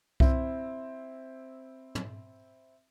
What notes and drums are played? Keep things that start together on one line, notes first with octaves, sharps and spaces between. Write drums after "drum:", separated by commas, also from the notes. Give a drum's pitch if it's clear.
C4 E4, drum: kick C2
drum: tom